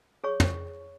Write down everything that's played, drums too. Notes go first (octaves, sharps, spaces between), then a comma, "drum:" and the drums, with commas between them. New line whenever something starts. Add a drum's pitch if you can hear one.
G#4 C#5 C#6
drum: tom